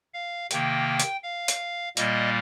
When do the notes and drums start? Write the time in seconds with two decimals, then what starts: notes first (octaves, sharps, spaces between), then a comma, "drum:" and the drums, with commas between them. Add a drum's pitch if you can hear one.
0.14 F5
0.51 C3 D#3 A#3 G5, drum: hi-hat
1.00 drum: hi-hat
1.23 F5
1.48 drum: hi-hat
1.97 A#2 G3 A#3 D#5, drum: hi-hat